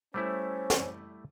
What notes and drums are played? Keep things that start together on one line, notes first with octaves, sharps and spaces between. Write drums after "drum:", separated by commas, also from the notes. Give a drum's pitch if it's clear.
G3 A3 C#4 E4 C5
drum: snare